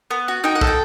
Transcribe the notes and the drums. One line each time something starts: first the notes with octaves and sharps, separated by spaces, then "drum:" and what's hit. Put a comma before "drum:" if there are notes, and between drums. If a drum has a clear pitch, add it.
B3
F#4
D#4 G5
F#5
A4, drum: kick
G5